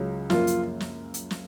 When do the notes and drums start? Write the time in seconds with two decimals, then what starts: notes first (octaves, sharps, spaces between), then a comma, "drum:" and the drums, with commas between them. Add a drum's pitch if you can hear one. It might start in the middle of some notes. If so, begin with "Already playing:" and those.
Already playing: C#2 C#3 F#3
0.30 F#2 F3 A#3 F4, drum: snare
0.47 drum: hi-hat
0.80 drum: snare
1.14 drum: hi-hat
1.31 drum: snare